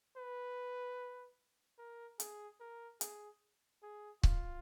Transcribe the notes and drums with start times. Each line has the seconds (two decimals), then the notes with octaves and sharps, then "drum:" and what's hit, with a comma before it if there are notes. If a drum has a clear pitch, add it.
0.17 B4
1.78 A#4
2.20 G#4, drum: hi-hat
2.60 A#4
3.01 G#4, drum: hi-hat
3.83 G#4
4.23 F4, drum: kick C#1